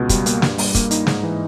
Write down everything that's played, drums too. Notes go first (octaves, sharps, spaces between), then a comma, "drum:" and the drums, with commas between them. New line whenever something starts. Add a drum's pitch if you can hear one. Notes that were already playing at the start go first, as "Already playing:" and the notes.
Already playing: C#2 B2
G3, drum: kick, hi-hat
A#3, drum: hi-hat
G2, drum: snare
G3, drum: open hi-hat
A#3, drum: kick, hi-hat
D#4, drum: hi-hat
G#2, drum: snare
E3